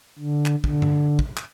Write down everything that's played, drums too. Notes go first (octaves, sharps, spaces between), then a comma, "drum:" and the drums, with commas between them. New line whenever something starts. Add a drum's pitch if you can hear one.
D3
drum: clap
D3, drum: kick
drum: tom G2
drum: kick
drum: clap